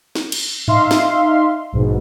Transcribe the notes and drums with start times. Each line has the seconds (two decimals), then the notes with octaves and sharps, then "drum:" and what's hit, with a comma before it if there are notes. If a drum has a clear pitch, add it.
0.15 drum: snare
0.32 drum: cymbal
0.68 D#4 E5 F5 C6, drum: tom G#2
0.91 drum: snare
1.72 A#1 G#2 B2